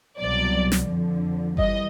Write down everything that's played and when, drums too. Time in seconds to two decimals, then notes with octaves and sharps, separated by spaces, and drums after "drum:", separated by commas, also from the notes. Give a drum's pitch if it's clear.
0.18 C2 B2 F#3 D5
0.72 drum: snare
0.88 F2 D3 F3
1.57 E3 G3 D#5, drum: kick G1